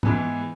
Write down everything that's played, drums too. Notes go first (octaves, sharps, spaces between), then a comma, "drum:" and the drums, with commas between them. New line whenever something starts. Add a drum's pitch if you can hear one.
G#2 E3 B3, drum: tom